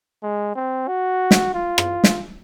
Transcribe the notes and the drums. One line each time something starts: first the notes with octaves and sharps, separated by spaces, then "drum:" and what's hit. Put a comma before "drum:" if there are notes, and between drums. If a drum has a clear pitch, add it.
G#3
C4
F#4
drum: snare
F4
drum: rim click
drum: snare